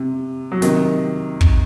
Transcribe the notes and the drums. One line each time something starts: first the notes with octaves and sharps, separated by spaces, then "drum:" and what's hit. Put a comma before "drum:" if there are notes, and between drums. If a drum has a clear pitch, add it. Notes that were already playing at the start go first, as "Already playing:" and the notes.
Already playing: C3
F#3
C3 D#3, drum: snare
drum: kick